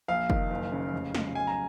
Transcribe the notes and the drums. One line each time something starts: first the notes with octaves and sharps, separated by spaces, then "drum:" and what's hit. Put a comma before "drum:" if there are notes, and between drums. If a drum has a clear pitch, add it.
A#1 F5
D#3, drum: kick
F#1
C#3
F1
C#3, drum: snare
B1 G#5
A#5